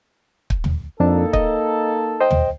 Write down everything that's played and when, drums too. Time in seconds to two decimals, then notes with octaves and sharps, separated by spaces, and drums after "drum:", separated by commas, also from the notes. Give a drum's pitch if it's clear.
0.50 drum: kick
0.64 drum: tom
1.00 F2 A#3 D4 D#4 A4 A5
1.33 D#5, drum: kick
2.21 C5 D#5 G5
2.31 drum: tom